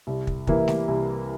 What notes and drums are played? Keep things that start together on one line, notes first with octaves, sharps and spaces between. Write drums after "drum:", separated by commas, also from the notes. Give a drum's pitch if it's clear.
C2
drum: kick
C3 E3 A#3 E4, drum: kick
drum: snare A3
C2